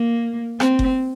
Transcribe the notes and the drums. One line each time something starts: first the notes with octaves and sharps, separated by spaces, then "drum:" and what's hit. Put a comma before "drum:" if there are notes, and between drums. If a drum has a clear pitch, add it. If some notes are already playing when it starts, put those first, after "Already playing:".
Already playing: A#3
C4, drum: rim click
drum: kick F#1